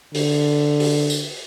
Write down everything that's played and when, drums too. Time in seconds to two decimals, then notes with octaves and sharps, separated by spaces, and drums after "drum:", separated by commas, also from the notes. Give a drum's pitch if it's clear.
0.15 D3, drum: open hi-hat
0.80 drum: open hi-hat
1.10 drum: tambourine